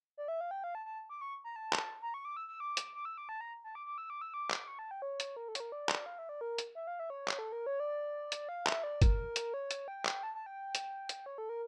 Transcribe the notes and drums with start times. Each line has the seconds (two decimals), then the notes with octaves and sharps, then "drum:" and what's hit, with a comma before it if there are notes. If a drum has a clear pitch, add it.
0.18 D5
0.28 E5
0.41 F5
0.51 G5
0.64 F5
0.75 A5
0.86 A5
1.10 D6
1.21 C#6
1.44 A#5
1.56 A5
1.73 drum: clap
2.02 A#5
2.14 C#6
2.25 D6
2.37 E6
2.48 E6
2.60 D6
2.77 drum: hi-hat
2.95 D6
3.05 E6
3.18 D6
3.29 A5
3.41 A#5
3.64 A5
3.75 D6
3.86 D6
3.98 E6
4.10 D6
4.21 E6
4.34 D6
4.50 drum: clap
4.68 C#6
4.79 A5
4.91 G5
5.02 C#5
5.20 drum: hi-hat
5.37 A#4
5.48 A4
5.55 C#5, drum: hi-hat
5.60 A#4
5.72 D5
5.89 drum: clap
6.06 F5
6.19 E5
6.29 D5
6.41 A#4
6.58 drum: hi-hat
6.75 E5
6.87 F5
7.00 E5
7.10 C#5
7.28 drum: clap
7.39 A4
7.52 A#4
7.66 C#5
7.80 D5
8.32 drum: hi-hat
8.49 F5
8.67 E5, drum: clap
8.83 D5
9.02 A#4, drum: kick G1, hi-hat
9.36 drum: hi-hat
9.54 C#5
9.71 drum: hi-hat
9.88 G5
10.05 drum: clap
10.23 A5
10.34 A5
10.46 G5
10.75 drum: hi-hat
11.09 drum: hi-hat
11.26 C#5
11.38 A4
11.49 A#4